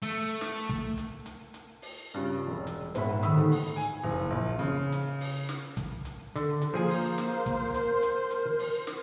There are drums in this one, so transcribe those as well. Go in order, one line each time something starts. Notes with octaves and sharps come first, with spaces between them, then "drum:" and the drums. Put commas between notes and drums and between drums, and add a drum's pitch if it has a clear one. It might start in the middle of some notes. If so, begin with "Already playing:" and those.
A3
drum: snare
drum: kick, hi-hat
drum: hi-hat
drum: hi-hat
drum: hi-hat
drum: open hi-hat
G2 C#3 F4 A6
E1
drum: hi-hat
A#1 G#2 B3 C5 E5 B5, drum: hi-hat
A2 D3 D#3 B5 D#6 E6, drum: hi-hat
A3
drum: open hi-hat
G#5
F#1
A#1
C#3
drum: hi-hat
drum: open hi-hat
drum: snare
drum: kick, hi-hat
drum: hi-hat
D3 A4, drum: hi-hat
drum: hi-hat
F3 A#3 G#4 C5 G#5
drum: open hi-hat
drum: snare
drum: kick, hi-hat
A#4
drum: hi-hat
drum: hi-hat
drum: hi-hat
drum: open hi-hat
drum: snare